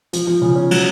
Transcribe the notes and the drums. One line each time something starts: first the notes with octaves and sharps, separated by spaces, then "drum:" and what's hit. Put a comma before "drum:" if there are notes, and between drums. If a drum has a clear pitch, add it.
F3, drum: hi-hat
F3
C#3
C#4
F#3, drum: cymbal